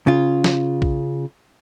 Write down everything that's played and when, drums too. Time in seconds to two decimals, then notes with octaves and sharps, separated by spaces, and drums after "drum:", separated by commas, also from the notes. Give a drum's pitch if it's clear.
0.07 C#3 F4
0.44 drum: snare
0.82 drum: kick